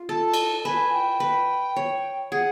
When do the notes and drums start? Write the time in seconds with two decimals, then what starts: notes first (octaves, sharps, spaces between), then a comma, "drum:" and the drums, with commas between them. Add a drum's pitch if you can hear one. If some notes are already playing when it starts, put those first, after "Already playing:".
Already playing: F4
0.09 A4 A5
0.34 drum: cymbal
0.65 B4 G#5
0.93 G5
1.20 B4
1.76 C#5
2.32 G#4 F#5